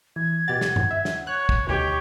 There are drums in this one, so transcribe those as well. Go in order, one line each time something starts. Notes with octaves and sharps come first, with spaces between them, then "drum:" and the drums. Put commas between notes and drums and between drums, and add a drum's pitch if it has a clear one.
E3 G#6
B2 G4 F#5 A6
drum: snare
drum: tom F#2
E5
drum: snare
C#5 F#6
drum: kick
D2 B2 D#3 G4 C#5 C#6